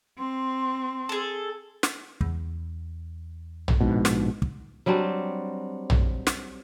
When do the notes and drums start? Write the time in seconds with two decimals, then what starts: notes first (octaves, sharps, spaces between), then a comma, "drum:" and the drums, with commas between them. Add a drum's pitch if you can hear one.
0.19 C4 C6
1.09 G#4 A4
1.83 drum: snare
2.21 E2, drum: kick
3.68 drum: tom A#1
3.81 A#1 G#2 B2
4.05 drum: snare
4.42 drum: kick
4.86 F#3 G3 C4 D4
5.90 drum: tom A#1
6.27 drum: snare